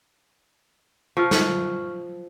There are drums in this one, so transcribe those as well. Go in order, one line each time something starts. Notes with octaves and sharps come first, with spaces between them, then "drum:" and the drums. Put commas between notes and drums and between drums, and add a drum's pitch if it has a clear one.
F3 C#6 E6 F6
drum: snare